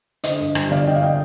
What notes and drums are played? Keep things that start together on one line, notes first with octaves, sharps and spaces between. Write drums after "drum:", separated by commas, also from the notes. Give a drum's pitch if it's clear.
D3 C5 D#5, drum: hi-hat
G2
G3, drum: rim click
G1 D5 F5
D3 D#5 G5
F5
D#5 G5